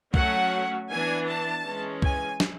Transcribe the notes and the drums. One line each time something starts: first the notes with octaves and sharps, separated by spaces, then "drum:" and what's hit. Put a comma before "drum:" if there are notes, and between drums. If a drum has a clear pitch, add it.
F#3 A3 C#4 F#5, drum: kick
E3 B3 D4 G#5
A5
E3 G#3 C#4
G#5, drum: kick
drum: snare